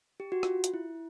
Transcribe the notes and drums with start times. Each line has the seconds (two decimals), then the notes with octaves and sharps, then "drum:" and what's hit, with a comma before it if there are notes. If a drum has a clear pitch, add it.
0.20 G4
0.32 F#4
0.43 F4, drum: rim click
0.64 drum: hi-hat
0.74 E4